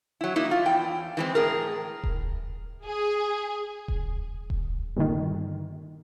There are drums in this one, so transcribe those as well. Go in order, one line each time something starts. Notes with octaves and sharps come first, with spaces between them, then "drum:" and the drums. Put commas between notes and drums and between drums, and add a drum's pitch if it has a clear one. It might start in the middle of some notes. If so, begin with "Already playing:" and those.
F#3 E4
A#3 D#4 E4
F4
E2 G5
E3 G#3 C4
A2 G#4 A#4
drum: kick D#1
G#4
drum: kick D#1
drum: kick D#1
G2 A#2 D3 D#3